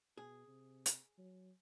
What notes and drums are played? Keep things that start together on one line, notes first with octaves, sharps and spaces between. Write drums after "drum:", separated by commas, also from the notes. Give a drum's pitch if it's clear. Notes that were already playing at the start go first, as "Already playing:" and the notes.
B2 G#4
C3
drum: hi-hat
F#3